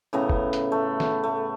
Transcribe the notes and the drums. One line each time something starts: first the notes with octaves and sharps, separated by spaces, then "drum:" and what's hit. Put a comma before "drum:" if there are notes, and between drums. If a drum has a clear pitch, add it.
A2 C#3 B3 A#5
drum: kick
drum: hi-hat
A3
drum: snare
A3